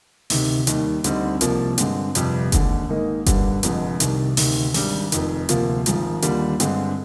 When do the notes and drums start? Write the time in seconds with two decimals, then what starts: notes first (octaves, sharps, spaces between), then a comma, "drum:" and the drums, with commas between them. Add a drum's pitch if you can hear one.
0.30 D2 C3 D#3, drum: open hi-hat
0.67 D#2 D#3 G3, drum: hi-hat
1.04 D2 D3 G3 C4 D#4, drum: hi-hat
1.41 C2 C3 F3 A#3, drum: hi-hat
1.78 G2 D3 G#3 C4, drum: hi-hat
2.15 G1 F2 C3 G3, drum: hi-hat
2.52 D#2 D3 G#3, drum: kick F#1, hi-hat
2.89 G#2 D#3 A#3 D#4
3.26 G1 G2 D3 G3, drum: kick F#1, hi-hat
3.63 F1 F2 D3 G#3, drum: hi-hat
4.00 C2 C3 D#3, drum: hi-hat
4.37 D2 C3 D#3, drum: open hi-hat
4.74 G#1 G#2 G3 D4, drum: open hi-hat
5.12 F1 F2 D#3, drum: hi-hat
5.49 D2 C3 F3 A#3 F4, drum: hi-hat
5.86 G#1 G#2 F3, drum: hi-hat
6.22 D#2 D3 G3 A#3 F4, drum: hi-hat
6.60 G2 D3 G#3 C4, drum: hi-hat